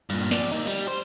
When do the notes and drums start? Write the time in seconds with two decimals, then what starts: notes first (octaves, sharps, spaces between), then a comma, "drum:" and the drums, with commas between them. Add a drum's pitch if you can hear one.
0.10 G2 A#2
0.31 F3 D5, drum: snare
0.51 A#3 D#4
0.67 G3, drum: cymbal
0.88 C5